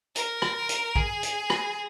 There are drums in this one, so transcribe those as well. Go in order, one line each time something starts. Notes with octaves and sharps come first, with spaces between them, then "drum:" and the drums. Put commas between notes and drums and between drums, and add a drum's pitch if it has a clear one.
A#4, drum: hi-hat
drum: rim click
drum: hi-hat
G#4, drum: kick
drum: hi-hat
drum: rim click